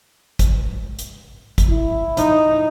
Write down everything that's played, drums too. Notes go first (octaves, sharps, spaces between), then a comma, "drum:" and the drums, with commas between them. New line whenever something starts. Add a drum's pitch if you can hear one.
drum: kick, hi-hat
drum: hi-hat
drum: kick, hi-hat
E4
D#4, drum: hi-hat